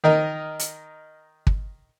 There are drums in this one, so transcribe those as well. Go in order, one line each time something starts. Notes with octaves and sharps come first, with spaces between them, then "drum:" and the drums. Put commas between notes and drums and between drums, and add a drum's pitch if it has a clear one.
D#3 A#4 D#5
drum: hi-hat
drum: kick